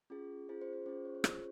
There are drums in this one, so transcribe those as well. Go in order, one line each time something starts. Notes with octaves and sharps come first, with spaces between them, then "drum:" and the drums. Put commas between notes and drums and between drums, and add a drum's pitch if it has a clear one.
C#4 F4 G#4
C#4 F4 G#4 C5
C5
C5
C#4 F4 G#4 C5
C#5
C5
C#4 F4 G#4 C#5, drum: rim click